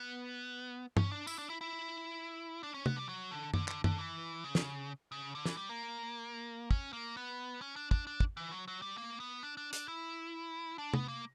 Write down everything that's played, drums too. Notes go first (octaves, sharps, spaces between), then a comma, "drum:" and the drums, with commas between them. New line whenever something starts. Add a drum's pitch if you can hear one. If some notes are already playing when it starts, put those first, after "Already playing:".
Already playing: B3
C#4, drum: tom
D4
E4, drum: tambourine
D4
E4
E4
D4
C#4
B3, drum: tom
G3
F#3
D3
D3, drum: tom F#2
D3, drum: clap
D3, drum: tom F#2
E3
C#3
drum: snare
C#3
D3
E3, drum: snare
G3
A#3
C#4, drum: kick
A#3
B3
C#4
D4
D4, drum: kick
D4
drum: kick
E3
F#3
F#3
G3
A#3
B3
D4
D4
D4, drum: hi-hat
E4
D4
B3, drum: tom
A#3